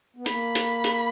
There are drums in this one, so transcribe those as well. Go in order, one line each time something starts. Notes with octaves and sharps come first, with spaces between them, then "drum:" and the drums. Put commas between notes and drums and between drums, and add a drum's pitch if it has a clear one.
B3
A#3 B5, drum: hi-hat
drum: hi-hat
drum: hi-hat